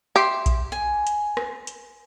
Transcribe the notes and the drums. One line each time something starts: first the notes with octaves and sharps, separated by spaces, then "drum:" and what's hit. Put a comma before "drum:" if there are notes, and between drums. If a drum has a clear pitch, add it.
G4 E5 C6
drum: kick A#1, hi-hat
G#5
drum: hi-hat
drum: rim click
drum: hi-hat